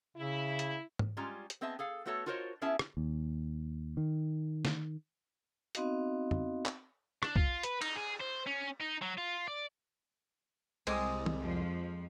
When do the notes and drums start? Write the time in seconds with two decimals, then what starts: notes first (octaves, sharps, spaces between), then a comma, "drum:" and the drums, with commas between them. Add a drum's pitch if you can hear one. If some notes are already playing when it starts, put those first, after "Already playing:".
0.17 C#3 E4
0.59 drum: hi-hat
0.99 drum: tom G#2
1.17 G3 G#3 C#4 F4 A#5
1.50 drum: hi-hat
1.61 B3 C4 G#4 D#5 E5 A5
1.79 G#4 A4 F5
2.06 A3 B3 F#4 A4 C#5 A5
2.26 F4 F#4 A#4 C5 C#5 D#5
2.62 B3 C#4 E4 G#4 E5 A5
2.79 drum: rim click
2.97 D#2
3.97 D#3
4.65 drum: snare
5.75 B3 C4 D#4 F#4 D#5 F5, drum: hi-hat
6.31 drum: tom
6.66 drum: clap
7.23 D4, drum: rim click
7.36 F4, drum: kick
7.63 B4, drum: hi-hat
7.82 D#4, drum: cymbal
7.96 G#4
8.21 C5
8.47 C#4
8.81 D#4
9.02 F#3
9.18 F4
9.48 D5
10.87 C2 G#3 C4 G#4 G#5 D6 D#6, drum: cymbal
11.26 drum: tom
11.39 F2 F3